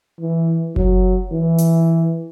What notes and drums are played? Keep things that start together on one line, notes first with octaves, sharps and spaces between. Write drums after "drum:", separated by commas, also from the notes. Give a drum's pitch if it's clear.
E3
F#3, drum: kick F#1
E3
drum: hi-hat